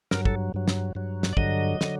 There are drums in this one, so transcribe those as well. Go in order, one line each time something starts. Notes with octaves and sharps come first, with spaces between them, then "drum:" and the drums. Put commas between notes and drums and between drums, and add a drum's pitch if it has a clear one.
G2 F#3 A#4, drum: snare
A4, drum: kick
G2 F#3
drum: snare
G2 F#3
drum: snare
D5
G2 D3 F#3 D#5, drum: kick
D3 F#3, drum: snare